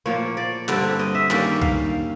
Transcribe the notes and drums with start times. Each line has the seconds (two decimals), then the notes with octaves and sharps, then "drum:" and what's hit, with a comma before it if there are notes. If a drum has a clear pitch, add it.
0.06 A#2 F3 A#3 C#5
0.37 D5
0.68 G2 D3 G3 C4, drum: clap
0.99 D#5
1.15 E5
1.30 D#3 G3 A#3 C#4, drum: clap
1.62 F5, drum: kick C2